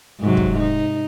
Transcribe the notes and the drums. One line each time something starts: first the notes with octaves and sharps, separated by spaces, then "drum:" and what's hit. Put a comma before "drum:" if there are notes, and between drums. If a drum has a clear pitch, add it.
G#2 C3 F#3
drum: kick
D#4